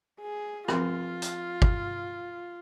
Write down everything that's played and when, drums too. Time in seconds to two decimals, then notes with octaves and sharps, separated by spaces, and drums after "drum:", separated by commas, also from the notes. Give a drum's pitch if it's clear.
0.21 G#4
0.68 F3 C4 F4 A#4, drum: rim click
1.22 drum: hi-hat
1.62 drum: kick